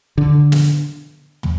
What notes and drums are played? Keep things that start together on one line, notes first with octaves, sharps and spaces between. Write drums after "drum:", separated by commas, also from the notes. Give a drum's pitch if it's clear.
D3
drum: snare
drum: tom